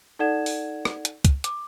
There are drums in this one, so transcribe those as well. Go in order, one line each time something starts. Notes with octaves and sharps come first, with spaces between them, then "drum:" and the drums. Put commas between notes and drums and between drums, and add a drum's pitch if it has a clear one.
D#4 A4 D5 F#5 G#6 E7
drum: open hi-hat
drum: rim click
drum: hi-hat
drum: kick, hi-hat
D6, drum: hi-hat